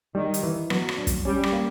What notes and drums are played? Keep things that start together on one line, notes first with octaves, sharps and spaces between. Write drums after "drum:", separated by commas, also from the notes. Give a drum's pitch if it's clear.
D#3 G3
drum: hi-hat
E3
F#3 B3, drum: rim click
drum: rim click
D4
drum: kick, hi-hat
G3 C#4
drum: rim click
A#3